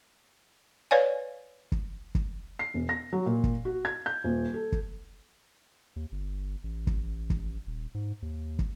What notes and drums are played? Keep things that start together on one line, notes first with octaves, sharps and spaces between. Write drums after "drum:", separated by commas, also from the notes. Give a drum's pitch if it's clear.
B4 C#5 D5 F5 G#5
drum: kick
drum: kick
C7
E1
A#6
F#3
A#2
drum: kick
F#4
G#6
G6
D#1
A4
drum: kick
D#2
G1
A1
drum: kick
drum: kick
D#1
G#2
D#2
drum: kick